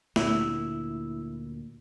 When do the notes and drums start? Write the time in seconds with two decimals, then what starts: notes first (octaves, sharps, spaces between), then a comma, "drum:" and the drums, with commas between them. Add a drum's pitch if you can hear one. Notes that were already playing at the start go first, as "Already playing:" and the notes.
0.16 D2 A#2 E4 E6, drum: snare